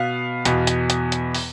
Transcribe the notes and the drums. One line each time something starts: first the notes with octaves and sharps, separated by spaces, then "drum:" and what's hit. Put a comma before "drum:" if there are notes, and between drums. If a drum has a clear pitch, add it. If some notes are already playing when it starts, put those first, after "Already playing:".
Already playing: B2 B3 F5
E2 B2 B3, drum: hi-hat
drum: hi-hat
drum: hi-hat
drum: hi-hat
drum: open hi-hat